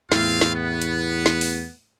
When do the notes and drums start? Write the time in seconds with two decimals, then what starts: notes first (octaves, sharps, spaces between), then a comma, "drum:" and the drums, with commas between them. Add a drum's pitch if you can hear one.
0.12 E2 A2 C4 F4 F5, drum: snare
0.41 drum: snare
0.56 B3
0.82 drum: hi-hat
1.26 drum: snare
1.41 drum: open hi-hat